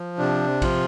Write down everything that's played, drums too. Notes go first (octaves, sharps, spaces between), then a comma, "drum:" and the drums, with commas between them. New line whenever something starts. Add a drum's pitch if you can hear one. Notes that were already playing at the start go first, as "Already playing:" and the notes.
Already playing: F3
C3 D4
F3 F4, drum: kick A#1, cymbal